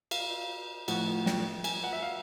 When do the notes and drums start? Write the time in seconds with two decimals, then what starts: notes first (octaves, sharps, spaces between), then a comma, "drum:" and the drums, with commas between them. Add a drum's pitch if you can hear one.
0.11 F5, drum: cymbal
0.88 A2 F3 A3 F#5, drum: cymbal
1.26 G5, drum: snare
1.64 G#5, drum: cymbal
1.84 F#5
1.93 E5
2.03 F5